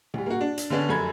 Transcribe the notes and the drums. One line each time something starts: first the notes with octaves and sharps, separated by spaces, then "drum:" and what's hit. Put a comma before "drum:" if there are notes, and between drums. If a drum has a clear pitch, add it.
D2 G3, drum: tom A2
A#3 F#4
D4
drum: hi-hat
D3 B3 C#4 D4
F1 F#2 A4 B5 G#6